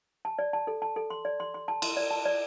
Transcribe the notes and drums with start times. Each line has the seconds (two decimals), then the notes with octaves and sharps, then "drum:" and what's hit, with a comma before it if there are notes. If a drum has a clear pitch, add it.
0.25 A5
0.39 D5
0.53 A5
0.67 A4
0.82 A5
0.96 A4
1.10 C6
1.25 D5
1.40 C6
1.54 C6
1.68 A5
1.82 C6, drum: cymbal
1.97 D5
2.11 A5
2.25 D5